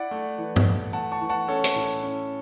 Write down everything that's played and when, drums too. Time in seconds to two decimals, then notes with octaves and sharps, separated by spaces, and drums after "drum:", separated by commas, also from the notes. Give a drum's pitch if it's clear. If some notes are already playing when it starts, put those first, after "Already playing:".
Already playing: E4 D5 F#5
0.11 A3
0.38 E3
0.56 drum: tom G2
0.66 E3
0.93 A3 F#5 A5
1.12 A5 C#6
1.21 E3
1.29 F#5 A5
1.48 C#4 A4 C#5
1.64 drum: hi-hat
1.76 A2
2.03 C#4